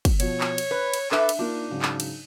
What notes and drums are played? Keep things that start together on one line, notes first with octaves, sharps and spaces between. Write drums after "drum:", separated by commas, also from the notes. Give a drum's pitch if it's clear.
drum: kick, cymbal
B2 F3 C#5, drum: cymbal
drum: clap
drum: cymbal
B4 F#6
drum: cymbal
D4 A4 B4 E5, drum: clap
drum: cymbal
A#3 D4 D#4 F4
G#2 C#3 F#3
drum: clap
drum: cymbal